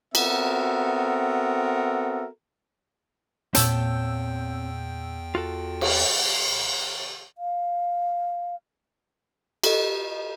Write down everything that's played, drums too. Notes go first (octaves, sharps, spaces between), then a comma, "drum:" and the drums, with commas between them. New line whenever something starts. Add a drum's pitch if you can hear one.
B3 C4 F#4 A4 A#4 E5, drum: cymbal
E2 A#2 C4 C#5 G5 A5 E6 G6, drum: hi-hat
F4 F#4 A4
drum: cymbal
F5
G4 A4 D#5, drum: cymbal